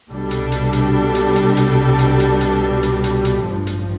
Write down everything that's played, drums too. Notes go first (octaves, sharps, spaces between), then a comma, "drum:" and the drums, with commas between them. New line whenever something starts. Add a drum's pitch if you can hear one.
C2 B2 G3 D4 A4
drum: hi-hat
drum: hi-hat
drum: hi-hat
drum: hi-hat
drum: hi-hat
drum: hi-hat
drum: hi-hat
drum: hi-hat
drum: hi-hat
drum: hi-hat
drum: hi-hat
drum: hi-hat
A1 G2 F3
drum: hi-hat